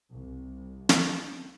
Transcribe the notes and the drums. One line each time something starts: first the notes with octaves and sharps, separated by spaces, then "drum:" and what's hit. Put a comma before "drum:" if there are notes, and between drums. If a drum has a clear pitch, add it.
C2
drum: snare